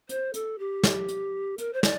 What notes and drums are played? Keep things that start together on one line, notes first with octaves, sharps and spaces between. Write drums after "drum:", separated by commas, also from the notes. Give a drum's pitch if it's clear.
C5, drum: hi-hat
A4, drum: hi-hat
G4
drum: snare
drum: hi-hat
A#4, drum: hi-hat
C5
D5, drum: snare